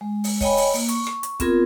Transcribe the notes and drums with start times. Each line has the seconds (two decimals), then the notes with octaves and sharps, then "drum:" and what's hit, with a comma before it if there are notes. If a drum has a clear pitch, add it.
0.01 G#3
0.24 drum: open hi-hat
0.41 C#5 D#5 G5 G#5 B5, drum: kick, open hi-hat
0.57 drum: open hi-hat
0.74 A#3, drum: open hi-hat
0.89 C#6, drum: hi-hat
1.07 drum: rim click
1.23 drum: hi-hat
1.40 B3 C4 F4 G#4 A#4, drum: kick, hi-hat